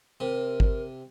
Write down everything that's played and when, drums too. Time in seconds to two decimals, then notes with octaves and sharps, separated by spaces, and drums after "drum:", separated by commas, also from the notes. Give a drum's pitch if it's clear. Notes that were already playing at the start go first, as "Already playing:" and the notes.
0.20 C3 A#4
0.60 drum: kick